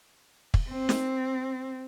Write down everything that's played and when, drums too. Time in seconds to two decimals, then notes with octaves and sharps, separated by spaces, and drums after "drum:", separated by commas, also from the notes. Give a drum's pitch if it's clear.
0.54 drum: kick
0.69 C4
0.89 drum: snare